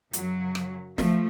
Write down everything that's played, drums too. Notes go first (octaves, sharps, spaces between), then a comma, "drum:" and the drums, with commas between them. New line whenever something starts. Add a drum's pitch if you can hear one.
F#2 C#3 F#3, drum: hi-hat
drum: rim click
F3 A3, drum: snare